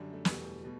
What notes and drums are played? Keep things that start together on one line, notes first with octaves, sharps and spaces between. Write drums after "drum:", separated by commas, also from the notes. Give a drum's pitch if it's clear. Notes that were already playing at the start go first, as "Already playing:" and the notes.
Already playing: F#2 D3 G3 D4
A3
E2 B2 G3, drum: snare
B2 G3